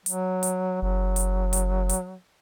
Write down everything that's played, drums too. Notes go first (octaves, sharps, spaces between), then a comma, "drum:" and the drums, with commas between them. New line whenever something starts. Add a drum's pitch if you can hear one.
F#3, drum: hi-hat
drum: hi-hat
F#1 F#3
drum: hi-hat
drum: hi-hat
drum: hi-hat